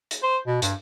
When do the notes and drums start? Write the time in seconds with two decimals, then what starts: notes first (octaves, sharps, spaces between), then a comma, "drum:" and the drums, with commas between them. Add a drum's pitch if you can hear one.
0.11 drum: hi-hat
0.23 C5
0.47 B2
0.62 G2, drum: hi-hat